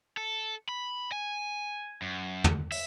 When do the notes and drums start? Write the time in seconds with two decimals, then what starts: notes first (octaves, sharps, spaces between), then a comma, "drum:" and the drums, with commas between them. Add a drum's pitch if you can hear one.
0.17 A4
0.69 B5
1.12 G#5
2.02 F#2
2.44 drum: tom
2.72 E5, drum: open hi-hat